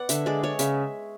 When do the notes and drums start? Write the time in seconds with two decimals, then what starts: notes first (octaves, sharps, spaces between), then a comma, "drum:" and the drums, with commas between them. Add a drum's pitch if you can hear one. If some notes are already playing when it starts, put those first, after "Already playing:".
Already playing: B3 D5 F#5
0.09 D3 E5, drum: hi-hat
0.26 G#3 D5
0.43 G#3 C#5
0.59 C#3 E5, drum: hi-hat